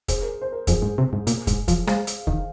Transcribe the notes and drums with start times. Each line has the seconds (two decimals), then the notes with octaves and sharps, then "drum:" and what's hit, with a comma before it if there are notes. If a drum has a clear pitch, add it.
0.08 G#4 C5, drum: kick, hi-hat
0.22 A#4
0.41 C5
0.52 A#4
0.67 F2 G#4 C5, drum: kick, hi-hat
0.82 G#2
0.98 C3
1.13 G#2
1.27 A#2, drum: hi-hat
1.47 G#2, drum: kick, hi-hat
1.68 F3, drum: kick, hi-hat
1.87 G#3 C5 F5, drum: rim click
2.07 drum: hi-hat
2.27 D#3, drum: kick